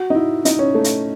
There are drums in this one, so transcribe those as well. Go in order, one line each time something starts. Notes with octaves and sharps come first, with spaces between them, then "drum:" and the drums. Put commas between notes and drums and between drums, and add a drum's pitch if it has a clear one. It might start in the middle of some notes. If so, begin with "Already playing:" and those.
Already playing: F#4
D#4
E4
D#4, drum: hi-hat
C#4
A3
drum: hi-hat